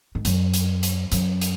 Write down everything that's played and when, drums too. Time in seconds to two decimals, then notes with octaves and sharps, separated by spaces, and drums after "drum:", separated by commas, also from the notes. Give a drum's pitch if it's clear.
0.15 G#2
0.25 F#2, drum: hi-hat
0.54 drum: hi-hat
0.83 drum: hi-hat
1.12 F#2, drum: hi-hat
1.41 drum: hi-hat